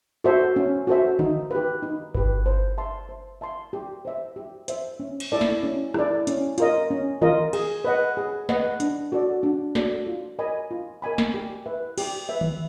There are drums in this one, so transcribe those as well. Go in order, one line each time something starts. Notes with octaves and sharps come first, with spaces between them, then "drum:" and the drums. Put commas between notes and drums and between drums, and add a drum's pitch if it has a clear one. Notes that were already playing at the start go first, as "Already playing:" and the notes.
F#4 A4 C5 E5
C#4
F#4 A4 C5 E5
D#4, drum: tom
G4 B4
D#4
G4 B4, drum: kick G1
C5
E5 A5 C6
C5
E5 A5 C6
G4
C5 E5
G4
C5 E5, drum: hi-hat
C#4
drum: cymbal
E4 A4 D5
drum: snare
C#4
E4 A4 D5, drum: rim click
C#4, drum: hi-hat
F4 A#4 D#5, drum: hi-hat
C#4
F4 A#4 D#5, drum: tom D#3
G#4, drum: cymbal
B4 D#5 F#5
G#4
B4 D#5 F#5, drum: snare
D4, drum: hi-hat
F#4 A4 D5
D4
F#4 A4 D5, drum: snare
F4
A#4 D#5 G#5 B5
F4
A#4 D#5 G#5 B5
drum: snare
G4
B4 E5
G4, drum: cymbal
B4 E5
drum: tom D#3